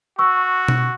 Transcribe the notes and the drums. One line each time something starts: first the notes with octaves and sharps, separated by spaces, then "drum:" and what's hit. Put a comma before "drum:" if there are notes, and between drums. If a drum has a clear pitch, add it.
F#4 C#6 E6
drum: tom B2